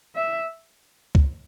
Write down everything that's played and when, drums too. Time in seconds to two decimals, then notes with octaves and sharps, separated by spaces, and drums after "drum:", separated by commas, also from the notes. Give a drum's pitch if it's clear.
0.15 E5
1.15 drum: kick C#2